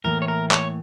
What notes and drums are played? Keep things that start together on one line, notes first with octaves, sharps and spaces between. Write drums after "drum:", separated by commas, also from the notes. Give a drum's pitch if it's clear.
A2 E3 A#3 A#4
C#5
A#4
C#5, drum: clap